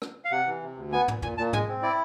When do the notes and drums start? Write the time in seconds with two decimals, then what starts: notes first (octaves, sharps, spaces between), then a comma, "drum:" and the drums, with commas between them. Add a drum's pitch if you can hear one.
0.02 drum: rim click
0.25 F5
0.31 C3 F#5
0.47 E3
0.63 C3
0.77 D2
0.92 B3 G#5
1.08 A#2, drum: tom
1.22 A#2 G#5, drum: tom
1.38 A#2 A5
1.53 G#3 G#5, drum: tom
1.68 C4
1.83 E4 D5